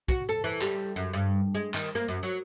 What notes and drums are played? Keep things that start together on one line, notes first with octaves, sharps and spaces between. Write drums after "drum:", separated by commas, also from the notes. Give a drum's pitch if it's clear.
F#4, drum: kick, hi-hat
A4
E3
G3, drum: clap
F#2
G2
G#3
D#3, drum: clap
A#3
F#2
F#3